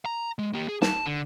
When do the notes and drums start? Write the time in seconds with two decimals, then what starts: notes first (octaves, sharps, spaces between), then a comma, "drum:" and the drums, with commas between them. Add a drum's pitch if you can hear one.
0.06 A#5
0.39 G#3
0.54 A#3 G4
0.69 G#4
0.82 A5, drum: snare
1.06 D3